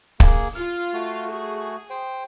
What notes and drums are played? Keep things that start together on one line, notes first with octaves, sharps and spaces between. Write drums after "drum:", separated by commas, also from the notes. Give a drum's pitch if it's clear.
A#3 G#4, drum: kick
F4 F6
A3 F#4
G#4
C5 G5